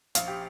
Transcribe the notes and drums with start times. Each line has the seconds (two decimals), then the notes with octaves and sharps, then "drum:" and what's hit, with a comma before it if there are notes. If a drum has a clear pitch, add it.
0.15 A#1 F5, drum: hi-hat
0.28 G4